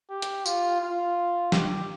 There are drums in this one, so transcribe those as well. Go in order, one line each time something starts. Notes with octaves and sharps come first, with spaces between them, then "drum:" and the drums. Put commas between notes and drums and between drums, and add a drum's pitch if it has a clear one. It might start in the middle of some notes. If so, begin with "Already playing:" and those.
G4
drum: hi-hat
F4, drum: tambourine
F4
G4, drum: snare